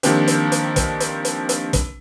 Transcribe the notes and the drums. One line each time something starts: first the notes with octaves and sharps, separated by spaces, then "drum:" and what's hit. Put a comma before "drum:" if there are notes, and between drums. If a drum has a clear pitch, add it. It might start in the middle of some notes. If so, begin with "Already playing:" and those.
D#3 F3 A#3 C4 D4 G4, drum: hi-hat
drum: hi-hat
drum: hi-hat
drum: kick, hi-hat
drum: hi-hat
drum: hi-hat
drum: hi-hat
drum: kick, hi-hat